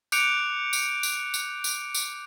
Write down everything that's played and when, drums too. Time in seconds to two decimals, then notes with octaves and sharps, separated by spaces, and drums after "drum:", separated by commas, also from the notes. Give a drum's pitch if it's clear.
0.12 D6 F#6 G6 C#7 D7 F7, drum: tambourine
0.73 drum: tambourine
1.03 drum: tambourine
1.34 drum: tambourine
1.64 drum: tambourine
1.94 drum: tambourine